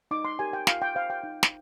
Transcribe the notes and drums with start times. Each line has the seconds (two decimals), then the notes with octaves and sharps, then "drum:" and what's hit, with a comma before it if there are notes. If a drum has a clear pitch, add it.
0.11 D#4 D6
0.25 C6
0.39 G4 A#4 G#5
0.53 G5
0.67 F4 F5, drum: snare
0.82 G5
0.95 C5 F5
1.10 G5
1.23 D#4
1.43 drum: snare